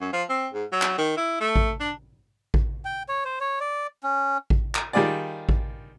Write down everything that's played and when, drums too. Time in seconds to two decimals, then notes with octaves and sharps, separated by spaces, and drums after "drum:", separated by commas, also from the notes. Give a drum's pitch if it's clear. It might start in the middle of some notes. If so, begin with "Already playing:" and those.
0.01 F#2
0.13 F3
0.30 C4
0.53 G#2
0.72 F#3
0.82 drum: clap
0.98 D#3
1.17 E4
1.41 A3
1.56 drum: kick A1
1.80 D4
2.54 drum: kick A1
2.85 G5
3.09 C#5
3.25 C5
3.41 C#5
3.60 D5
4.03 C#4
4.50 drum: kick A1
4.75 drum: clap
4.93 D#3 G3 F4 G#4 D5
5.49 drum: kick A1